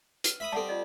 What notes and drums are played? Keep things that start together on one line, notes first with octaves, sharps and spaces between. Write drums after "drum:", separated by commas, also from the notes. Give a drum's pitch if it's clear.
B4, drum: hi-hat
E5 B5 D#6
G3 C4 A4 F#5 A5
F4 D5 D#5